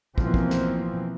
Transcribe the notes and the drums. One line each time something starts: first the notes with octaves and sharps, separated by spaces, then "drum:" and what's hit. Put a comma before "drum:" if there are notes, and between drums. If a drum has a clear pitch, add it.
B2 E3 F3 A#3 C4, drum: kick
drum: kick
drum: snare